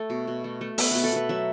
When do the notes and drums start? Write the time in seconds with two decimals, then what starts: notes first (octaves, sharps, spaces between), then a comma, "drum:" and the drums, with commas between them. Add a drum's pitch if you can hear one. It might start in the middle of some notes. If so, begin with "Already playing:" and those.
Already playing: A3 A4
0.10 B2
0.27 B2
0.44 A3
0.61 A3
0.78 B3 E5, drum: open hi-hat
0.91 B2 B4
1.03 A4
1.12 B2 B4
1.29 F#3 E5